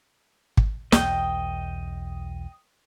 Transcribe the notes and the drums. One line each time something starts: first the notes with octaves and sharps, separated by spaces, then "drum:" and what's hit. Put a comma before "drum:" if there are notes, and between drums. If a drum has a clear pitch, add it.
drum: kick
B1 E2 D#5 G5, drum: snare